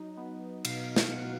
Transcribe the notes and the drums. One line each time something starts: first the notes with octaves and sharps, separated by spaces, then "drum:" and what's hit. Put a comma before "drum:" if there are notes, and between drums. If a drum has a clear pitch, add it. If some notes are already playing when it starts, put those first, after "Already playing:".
Already playing: F#3 D#4
B3
B2 F5, drum: cymbal
drum: snare
B2 F#5